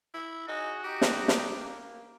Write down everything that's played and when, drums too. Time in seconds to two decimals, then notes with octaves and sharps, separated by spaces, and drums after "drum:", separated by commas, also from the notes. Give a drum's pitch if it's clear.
0.14 E4
0.48 D#4 F#4 G#4
0.84 D#4 G4
1.01 drum: snare
1.28 drum: snare
1.60 A#3